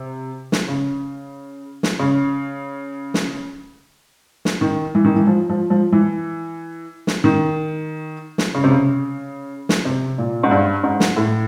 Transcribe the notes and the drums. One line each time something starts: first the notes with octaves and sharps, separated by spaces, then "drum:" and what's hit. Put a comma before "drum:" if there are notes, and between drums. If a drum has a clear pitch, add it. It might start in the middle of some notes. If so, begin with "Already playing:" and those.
Already playing: C3
drum: snare
C#3
drum: snare
C#3
drum: snare
drum: snare
D#3
E3
D#3
E3
F3
F3
F3
E3
drum: snare
D#3
drum: snare
C#3
C3
C#3
drum: snare
C3
A#2
G#2
G2
G#2
drum: snare
A2